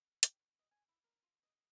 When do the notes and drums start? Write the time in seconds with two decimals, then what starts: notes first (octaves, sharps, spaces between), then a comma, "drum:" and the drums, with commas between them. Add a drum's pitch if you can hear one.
0.23 G4, drum: hi-hat
0.40 D5
0.59 D#5
0.71 G#5
0.88 E4
1.04 A#4
1.22 F4
1.43 D#5
1.55 D#5